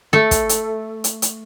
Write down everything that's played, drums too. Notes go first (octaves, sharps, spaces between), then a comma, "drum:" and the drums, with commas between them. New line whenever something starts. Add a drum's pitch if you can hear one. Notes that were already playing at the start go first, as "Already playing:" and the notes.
A3 A4
drum: kick, hi-hat
drum: hi-hat
drum: hi-hat
drum: hi-hat